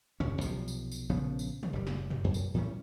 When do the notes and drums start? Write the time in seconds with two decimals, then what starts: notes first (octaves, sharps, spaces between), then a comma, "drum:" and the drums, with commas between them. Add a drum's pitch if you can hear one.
0.20 D#1 C#2 C#4, drum: tom
0.41 B1 C3 F3, drum: tambourine
0.68 drum: tambourine
0.92 drum: tambourine
1.09 A#1 C#3 F3 B3
1.39 drum: tambourine
1.63 drum: tom
1.73 F#1 G3
1.87 drum: snare
2.10 drum: tom
2.24 F#2
2.34 drum: tambourine
2.54 A2 E3 G3 C#4